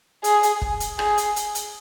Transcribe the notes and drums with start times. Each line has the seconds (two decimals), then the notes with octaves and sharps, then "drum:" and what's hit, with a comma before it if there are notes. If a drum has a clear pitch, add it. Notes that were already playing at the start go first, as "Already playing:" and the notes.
0.24 G#4, drum: hi-hat
0.43 drum: hi-hat
0.62 drum: kick
0.80 drum: hi-hat
0.99 G#4, drum: rim click
1.18 drum: hi-hat
1.36 drum: hi-hat
1.55 drum: hi-hat